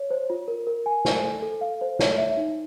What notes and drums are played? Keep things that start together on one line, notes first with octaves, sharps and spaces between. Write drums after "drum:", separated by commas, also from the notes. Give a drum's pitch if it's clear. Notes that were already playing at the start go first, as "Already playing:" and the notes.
Already playing: C#5
C5
F4
A#4
A#4
G#5
C5, drum: snare
A4
A4
F5
C5
C#5, drum: snare
E5
D#4